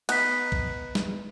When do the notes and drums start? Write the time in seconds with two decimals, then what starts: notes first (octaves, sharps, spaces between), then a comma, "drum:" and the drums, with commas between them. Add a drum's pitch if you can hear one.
0.09 B3 D#4 F#6 B6, drum: cymbal
0.52 drum: kick
0.95 drum: snare